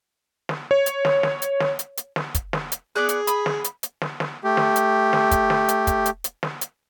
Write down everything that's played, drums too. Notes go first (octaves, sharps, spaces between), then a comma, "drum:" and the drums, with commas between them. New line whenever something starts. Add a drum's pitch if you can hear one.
drum: snare
C#5
drum: hi-hat
drum: snare
drum: snare
drum: hi-hat
drum: snare
drum: hi-hat
drum: hi-hat
drum: snare
drum: kick, hi-hat
drum: snare
drum: hi-hat
B3 G#4 D5 F#6
drum: hi-hat
B5 D#6, drum: hi-hat
drum: snare
drum: hi-hat
drum: hi-hat
drum: snare
drum: snare
A3 G4
drum: snare
drum: hi-hat
drum: snare
drum: kick, hi-hat
drum: snare
drum: hi-hat
drum: kick, hi-hat
drum: hi-hat
drum: hi-hat
drum: snare
drum: hi-hat